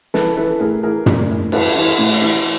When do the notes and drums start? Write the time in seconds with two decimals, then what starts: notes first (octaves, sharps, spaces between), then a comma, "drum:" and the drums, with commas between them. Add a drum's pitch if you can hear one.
0.14 E3 A4 B4, drum: snare
0.37 E3 A4 B4
0.60 A2 G#4 A#4
0.83 E3 G#4 A#4
1.06 A2, drum: tom
1.29 A2
1.52 E3 A4 B4, drum: cymbal
1.76 E3
1.99 A2
2.11 drum: open hi-hat
2.22 E3